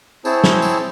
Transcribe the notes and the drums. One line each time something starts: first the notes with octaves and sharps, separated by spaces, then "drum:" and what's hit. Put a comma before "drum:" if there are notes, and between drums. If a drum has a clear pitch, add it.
C4 E4 G#4 C5 C#5 A5, drum: tambourine
drum: snare
drum: tambourine